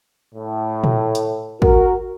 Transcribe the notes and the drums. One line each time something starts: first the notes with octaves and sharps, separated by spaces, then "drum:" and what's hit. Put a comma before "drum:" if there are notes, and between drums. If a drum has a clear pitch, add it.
A2
drum: tom A#2
drum: hi-hat
F#4 A#4, drum: kick